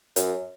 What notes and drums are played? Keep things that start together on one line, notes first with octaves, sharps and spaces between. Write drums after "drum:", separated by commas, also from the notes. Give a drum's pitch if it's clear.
F#2, drum: hi-hat